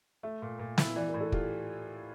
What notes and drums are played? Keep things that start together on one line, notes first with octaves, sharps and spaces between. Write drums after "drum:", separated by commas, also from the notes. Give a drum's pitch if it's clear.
A3 E5
A#2
A#2
E4, drum: snare
E3 D5
A#4
A2
A4
F4 G4, drum: kick